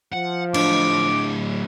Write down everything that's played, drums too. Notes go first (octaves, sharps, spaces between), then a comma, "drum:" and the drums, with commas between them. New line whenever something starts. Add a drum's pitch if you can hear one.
F3 F#5
A2 D4 D6, drum: cymbal